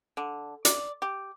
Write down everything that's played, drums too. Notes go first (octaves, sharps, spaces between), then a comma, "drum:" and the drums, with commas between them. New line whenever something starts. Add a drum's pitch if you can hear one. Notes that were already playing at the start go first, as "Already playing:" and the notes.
D3
D5, drum: hi-hat
G4